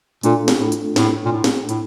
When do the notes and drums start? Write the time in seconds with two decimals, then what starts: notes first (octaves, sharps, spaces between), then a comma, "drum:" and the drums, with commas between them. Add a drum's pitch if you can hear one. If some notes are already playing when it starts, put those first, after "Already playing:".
0.23 A#2 A3 D4 F4 A4, drum: hi-hat
0.48 drum: snare
0.60 A2
0.72 drum: hi-hat
0.96 A2, drum: snare
1.25 A#2
1.32 A2
1.44 drum: snare
1.69 A2, drum: hi-hat